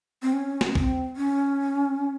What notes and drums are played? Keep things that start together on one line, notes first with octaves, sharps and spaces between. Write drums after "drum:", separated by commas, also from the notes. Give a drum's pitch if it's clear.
C4
C#4
drum: snare
C4, drum: kick B1
C#4